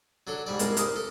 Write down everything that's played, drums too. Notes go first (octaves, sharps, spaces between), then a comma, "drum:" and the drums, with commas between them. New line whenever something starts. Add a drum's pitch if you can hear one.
F#3 D4 A4
G#2 G3 D5
G#3 A#4, drum: hi-hat
A#4 D#6, drum: hi-hat
A4